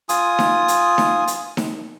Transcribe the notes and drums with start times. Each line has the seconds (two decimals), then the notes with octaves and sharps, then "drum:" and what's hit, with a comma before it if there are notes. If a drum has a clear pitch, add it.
0.09 F4 G#5 D#6, drum: hi-hat
0.39 drum: snare D#4
0.68 drum: hi-hat
0.98 drum: snare D#4
1.27 drum: hi-hat
1.57 drum: snare D#4